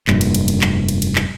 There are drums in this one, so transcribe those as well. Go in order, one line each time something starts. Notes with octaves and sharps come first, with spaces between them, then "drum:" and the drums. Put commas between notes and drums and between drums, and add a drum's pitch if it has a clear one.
F1 G2 A#2, drum: clap
drum: cymbal
drum: cymbal
drum: cymbal
drum: clap
drum: cymbal
drum: cymbal
drum: clap